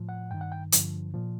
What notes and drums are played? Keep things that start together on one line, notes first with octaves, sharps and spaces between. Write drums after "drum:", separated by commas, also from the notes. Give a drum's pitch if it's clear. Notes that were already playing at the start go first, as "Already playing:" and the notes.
Already playing: A2 F3
F#5
G2 D#3 G5
F#5
G5
G2 D3 F3, drum: hi-hat
A#2 F3